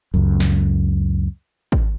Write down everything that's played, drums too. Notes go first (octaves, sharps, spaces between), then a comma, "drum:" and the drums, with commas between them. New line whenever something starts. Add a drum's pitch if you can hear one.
C#2 F#2
drum: snare
drum: kick G#1